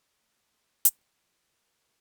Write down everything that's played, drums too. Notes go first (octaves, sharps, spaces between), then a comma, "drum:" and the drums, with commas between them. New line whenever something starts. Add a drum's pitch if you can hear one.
A3 C5 D#5
D#5
D5 F5
A3 C5 D#5
C5 D#5
A#2 F5 A5, drum: hi-hat
F3
A#3 A#4 D5
C3